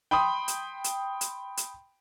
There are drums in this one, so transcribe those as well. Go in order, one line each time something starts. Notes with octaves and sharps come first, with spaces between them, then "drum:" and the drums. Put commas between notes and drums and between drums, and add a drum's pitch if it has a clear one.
G5 B5 C6 D#6
drum: hi-hat
drum: hi-hat
drum: hi-hat
drum: hi-hat